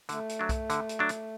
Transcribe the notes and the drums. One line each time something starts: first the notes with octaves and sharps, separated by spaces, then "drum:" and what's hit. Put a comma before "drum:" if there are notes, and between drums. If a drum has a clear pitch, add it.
D3 A3, drum: hi-hat
drum: hi-hat
F#3 D4
drum: kick B1, hi-hat
D3, drum: hi-hat
drum: hi-hat
F#3 D4
drum: hi-hat